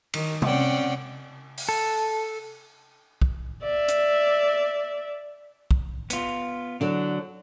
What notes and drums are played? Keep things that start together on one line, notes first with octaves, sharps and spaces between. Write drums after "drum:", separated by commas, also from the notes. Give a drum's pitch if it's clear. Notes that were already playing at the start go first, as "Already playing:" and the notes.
D#3, drum: cymbal
C4 C#4 D5 F#5 G5, drum: tom C3
drum: open hi-hat
A4
drum: kick
D5 E5
drum: hi-hat
drum: kick
B3 F4, drum: hi-hat
D3 F#3 D4